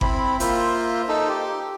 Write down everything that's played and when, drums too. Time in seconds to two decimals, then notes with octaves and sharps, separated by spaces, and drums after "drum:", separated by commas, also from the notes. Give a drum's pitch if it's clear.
0.01 C4 E4 B5, drum: kick G1
0.40 A#3 F4 C5 E5, drum: hi-hat
1.08 D#4 A4
1.28 G4